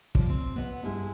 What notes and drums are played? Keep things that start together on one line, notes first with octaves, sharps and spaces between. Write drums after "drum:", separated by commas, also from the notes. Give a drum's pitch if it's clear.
F3 C5 D5, drum: kick
C4
B3 D5 F#5
G2 G3 G#3 E4